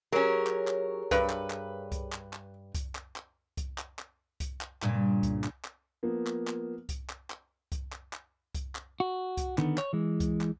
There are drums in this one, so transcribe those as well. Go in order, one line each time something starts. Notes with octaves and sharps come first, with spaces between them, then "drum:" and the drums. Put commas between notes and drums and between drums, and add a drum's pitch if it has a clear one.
F#3 C#4 G4 G#4 A#4 C#5
drum: clap
drum: clap
G2 B4, drum: kick C2, hi-hat
drum: clap
drum: clap
drum: kick C2, hi-hat
drum: clap
drum: clap
drum: kick C2, hi-hat
drum: clap
drum: clap
drum: kick C2, hi-hat
drum: clap
drum: clap
drum: kick C2, hi-hat
drum: clap
G2 A#2 C#3, drum: clap
drum: kick C2, hi-hat
drum: clap
drum: clap
F3 A#3 B3
drum: clap
drum: clap
drum: kick C2, hi-hat
drum: clap
drum: clap
drum: kick C2, hi-hat
drum: clap
drum: clap
drum: kick C2, hi-hat
drum: clap
F#4
drum: kick C2, hi-hat
D3 D#3 B3, drum: clap
C#5, drum: clap
E3 G#3
drum: kick C2, hi-hat
drum: clap